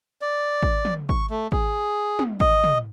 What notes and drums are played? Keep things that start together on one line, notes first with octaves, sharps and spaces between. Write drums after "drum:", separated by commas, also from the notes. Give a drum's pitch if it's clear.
D5
drum: kick G#1
drum: tom
C#6, drum: kick G#1
A3
G#4, drum: kick G#1
drum: tom
D#5, drum: kick G#1
drum: tom